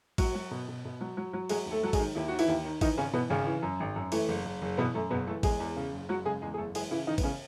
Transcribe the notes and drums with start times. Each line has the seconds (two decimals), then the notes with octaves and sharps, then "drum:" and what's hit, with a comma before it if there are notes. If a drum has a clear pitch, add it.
0.18 F#3 F#4, drum: kick, cymbal
0.35 F#3
0.51 B2
0.68 B2
0.85 B2
1.01 F#3
1.17 F#3
1.33 F#3
1.49 F#3 G#3 G#4, drum: cymbal
1.66 D#2
1.71 A3 A4
1.83 F#3 A4
1.93 G#3 G#4, drum: kick, cymbal
1.99 D#3
2.15 D#2 E4
2.28 D#3 F#4
2.39 E3 E4, drum: cymbal
2.48 D#2
2.65 D#3
2.81 D#3 E3 D#4, drum: kick, cymbal
2.97 G#1 C#3 C#4
3.13 B2 E3 B3
3.30 G#1 C#3 C#4
3.46 E3
3.63 F#2
3.80 G#1
3.96 F#2
4.12 E3 A3, drum: cymbal
4.28 F#1
4.45 F#1
4.62 F#1
4.77 B2 E3 B3
4.94 F#2 A3
5.10 F#1 B2 B3
5.27 E3 A3 A4
5.43 E2 G#3 G#4, drum: kick, cymbal
5.60 E2
5.76 C#3
5.93 F#1
6.09 F#1 F#3 F#4
6.25 C#3 G#3 G#4
6.42 E2 G#3 G#4
6.54 G#4
6.58 F#1 A3 A4
6.75 E3 G#3 G#4, drum: cymbal
6.90 C#3 E3 E4
7.07 D#3 E3 D#4
7.18 B3, drum: kick, cymbal
7.23 C#3 C#4